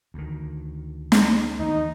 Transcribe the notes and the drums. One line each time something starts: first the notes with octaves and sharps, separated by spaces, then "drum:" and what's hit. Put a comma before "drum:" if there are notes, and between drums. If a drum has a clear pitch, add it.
D2 D#3
drum: snare
D#2 E3 D#4